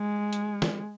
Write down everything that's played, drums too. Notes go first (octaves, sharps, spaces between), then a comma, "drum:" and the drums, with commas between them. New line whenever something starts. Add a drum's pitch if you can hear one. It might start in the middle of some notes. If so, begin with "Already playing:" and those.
Already playing: G#3
drum: hi-hat
drum: snare